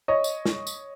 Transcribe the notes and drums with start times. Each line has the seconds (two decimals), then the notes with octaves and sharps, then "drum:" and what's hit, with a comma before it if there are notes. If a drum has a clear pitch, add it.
0.08 C#5 D#5
0.24 drum: tambourine
0.46 drum: snare
0.67 drum: tambourine